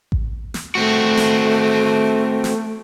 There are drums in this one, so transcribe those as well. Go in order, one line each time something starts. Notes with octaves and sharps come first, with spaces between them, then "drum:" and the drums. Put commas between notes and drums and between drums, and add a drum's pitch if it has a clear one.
drum: kick A1
drum: snare
A3 C4 F#4
drum: snare
drum: snare